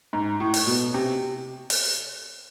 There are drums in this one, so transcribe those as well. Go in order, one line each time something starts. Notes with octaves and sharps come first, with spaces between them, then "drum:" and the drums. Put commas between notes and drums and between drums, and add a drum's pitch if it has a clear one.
G#2
A2
drum: open hi-hat
B2
C3
drum: open hi-hat